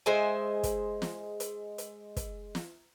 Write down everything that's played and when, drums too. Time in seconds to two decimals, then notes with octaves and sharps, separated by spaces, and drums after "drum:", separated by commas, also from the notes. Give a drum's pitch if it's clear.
0.06 G#3 C5 E5 G#5
0.63 drum: kick, hi-hat
1.02 drum: snare
1.40 drum: hi-hat
1.78 drum: hi-hat
2.16 drum: kick, hi-hat
2.55 drum: snare